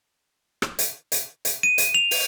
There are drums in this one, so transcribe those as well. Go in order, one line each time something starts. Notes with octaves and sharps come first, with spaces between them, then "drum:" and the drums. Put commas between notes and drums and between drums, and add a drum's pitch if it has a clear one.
drum: rim click
drum: hi-hat
drum: hi-hat
drum: hi-hat
D#7
drum: hi-hat
F7
drum: open hi-hat